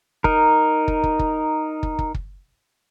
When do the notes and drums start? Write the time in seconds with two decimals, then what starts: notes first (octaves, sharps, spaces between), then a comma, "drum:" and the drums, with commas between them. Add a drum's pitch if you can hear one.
0.24 D#4 A#4, drum: kick
0.88 drum: kick
1.04 drum: kick
1.19 drum: kick
1.83 drum: kick
1.99 drum: kick
2.14 drum: kick